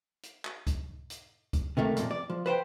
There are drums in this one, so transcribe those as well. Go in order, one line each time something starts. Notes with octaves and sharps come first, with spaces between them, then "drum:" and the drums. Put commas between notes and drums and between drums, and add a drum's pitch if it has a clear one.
drum: hi-hat
drum: clap
drum: kick C#2, hi-hat
drum: hi-hat
drum: kick C#2, hi-hat
C3 D#3 A3 A#3
F2 A#2, drum: hi-hat
D5
F3
B4 C5 F#5 G5